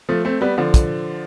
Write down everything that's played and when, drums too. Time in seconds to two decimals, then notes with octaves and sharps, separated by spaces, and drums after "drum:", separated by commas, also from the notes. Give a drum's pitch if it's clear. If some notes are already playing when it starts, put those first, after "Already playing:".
0.09 F3 A3
0.25 A3 C4
0.41 G3 B3
0.58 D3 F3
0.74 drum: kick, hi-hat